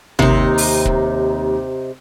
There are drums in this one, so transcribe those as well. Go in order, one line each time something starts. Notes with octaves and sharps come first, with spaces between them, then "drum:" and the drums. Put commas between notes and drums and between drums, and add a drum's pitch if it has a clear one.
D#2 C3 D#4, drum: tom
drum: open hi-hat
drum: kick